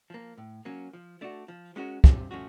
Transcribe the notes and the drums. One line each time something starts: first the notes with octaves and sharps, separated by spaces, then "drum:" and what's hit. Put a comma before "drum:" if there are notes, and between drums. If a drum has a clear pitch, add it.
F3 A#3
A2
F#3 A#3 C#4
F3
A3 D4 F#4
F3
G#3 C#4 F#4 A#4
C3, drum: kick
F3 A3 C#4 F#4